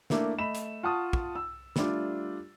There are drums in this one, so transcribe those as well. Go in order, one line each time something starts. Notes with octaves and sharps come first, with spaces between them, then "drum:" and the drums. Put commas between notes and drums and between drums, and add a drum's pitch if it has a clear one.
A3 A#3 D4 E4, drum: snare
A3 D#5 B5 E7
drum: hi-hat
F4 F#5 A5 C#6 D#6
drum: kick
E6
G3 A3 D4 F4, drum: snare